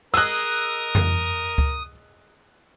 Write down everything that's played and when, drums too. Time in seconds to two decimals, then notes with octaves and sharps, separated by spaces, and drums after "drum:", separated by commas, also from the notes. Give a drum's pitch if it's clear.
0.14 G#4 A#4 D#5 D#6 E6 F#6, drum: open hi-hat
0.95 drum: tom F2
1.58 drum: kick C#2